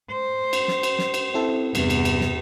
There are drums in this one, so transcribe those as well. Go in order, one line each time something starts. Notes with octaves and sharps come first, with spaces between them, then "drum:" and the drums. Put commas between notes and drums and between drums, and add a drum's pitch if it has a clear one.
C5
drum: cymbal
drum: snare
drum: cymbal
drum: snare
drum: cymbal
C4 E4 A4
E2 G2 C3 B3, drum: cymbal
drum: cymbal
drum: cymbal
drum: snare